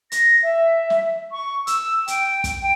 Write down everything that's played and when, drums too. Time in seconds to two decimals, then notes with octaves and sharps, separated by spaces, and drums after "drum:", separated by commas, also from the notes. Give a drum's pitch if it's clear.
0.12 A#6, drum: hi-hat
0.43 E5
0.90 drum: snare
1.32 C#6
1.67 E6, drum: hi-hat
2.08 G5, drum: hi-hat
2.44 drum: kick, hi-hat
2.62 G5